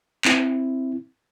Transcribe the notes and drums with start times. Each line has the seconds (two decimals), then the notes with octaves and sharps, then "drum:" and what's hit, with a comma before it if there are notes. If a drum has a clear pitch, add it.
0.25 C4 E4, drum: clap